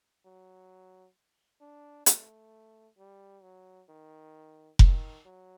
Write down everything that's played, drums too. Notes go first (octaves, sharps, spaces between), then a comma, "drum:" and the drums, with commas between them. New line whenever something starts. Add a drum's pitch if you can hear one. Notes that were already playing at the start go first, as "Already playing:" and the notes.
F#3
D4
A3, drum: hi-hat
G3
F#3
D#3
D#3, drum: kick F1
F#3